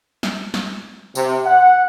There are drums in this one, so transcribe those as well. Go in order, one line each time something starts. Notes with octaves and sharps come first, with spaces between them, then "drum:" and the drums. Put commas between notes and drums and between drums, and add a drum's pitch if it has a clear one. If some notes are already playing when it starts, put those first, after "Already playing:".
drum: snare
drum: snare
C3, drum: tambourine
F#5